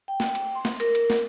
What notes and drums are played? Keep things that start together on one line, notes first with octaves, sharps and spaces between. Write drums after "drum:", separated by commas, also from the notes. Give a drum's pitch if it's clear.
G5
drum: snare
drum: cymbal
C6
drum: snare
A#4, drum: cymbal
drum: cymbal
drum: snare